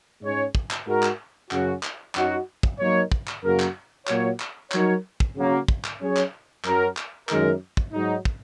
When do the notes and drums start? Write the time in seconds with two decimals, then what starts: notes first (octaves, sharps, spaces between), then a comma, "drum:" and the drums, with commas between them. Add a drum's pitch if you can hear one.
0.22 G#2 G#3 C#4 G#4 C#5
0.55 drum: kick
0.71 drum: clap
0.86 G#2 G#3 F#4 A#4
1.03 drum: clap
1.51 F#2 C#3 F#3 C#4 F#4, drum: clap
1.83 drum: clap
2.15 F#2 F#3 D#4 F#4, drum: clap
2.63 drum: kick
2.80 F#3 A#3 D#4 A#4 C#5
3.12 drum: kick
3.28 drum: clap
3.44 F#2 C#3 A#3 F#4 A#4
3.60 drum: clap
4.07 A#2 F#3 A#3 F#4 C#5, drum: clap
4.40 drum: clap
4.72 F#3 D#4 F#4 A#4 C#5, drum: clap
5.20 drum: kick
5.36 C#3 F#3 A#3
5.68 drum: kick
5.85 drum: clap
6.01 F#3 C#4 G#4 C#5
6.17 drum: clap
6.64 F#2 F#3 C#4 F#4 A#4, drum: clap
6.97 drum: clap
7.29 F#2 D#3 G#3 D#4 A#4, drum: clap
7.77 drum: kick
7.93 G#2 F#3 D#4
8.25 drum: kick